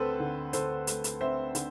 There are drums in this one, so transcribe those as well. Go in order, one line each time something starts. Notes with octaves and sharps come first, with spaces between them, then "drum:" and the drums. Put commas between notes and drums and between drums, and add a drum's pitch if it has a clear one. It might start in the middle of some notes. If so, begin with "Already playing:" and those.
Already playing: D2 A3 C4 A4 B4 C5
D3
D2 A4 C5, drum: hi-hat
A3, drum: hi-hat
drum: hi-hat
C4 C5 E5
D3, drum: hi-hat